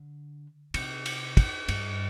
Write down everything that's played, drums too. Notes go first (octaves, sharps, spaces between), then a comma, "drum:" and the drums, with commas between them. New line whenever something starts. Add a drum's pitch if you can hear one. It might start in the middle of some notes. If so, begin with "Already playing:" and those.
Already playing: D3
C3, drum: cymbal
drum: cymbal
drum: kick, cymbal
G2, drum: cymbal